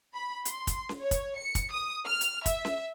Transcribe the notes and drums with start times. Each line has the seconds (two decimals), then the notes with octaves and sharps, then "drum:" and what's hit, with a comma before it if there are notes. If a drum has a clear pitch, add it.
0.14 B5
0.45 C6, drum: hi-hat
0.67 drum: kick, hi-hat
0.89 drum: snare C#4
1.01 C#5
1.11 drum: kick, hi-hat
1.37 C#7
1.55 drum: kick, hi-hat
1.71 D#6
2.06 F6
2.21 drum: hi-hat
2.46 E5, drum: kick, hi-hat
2.65 drum: snare C#4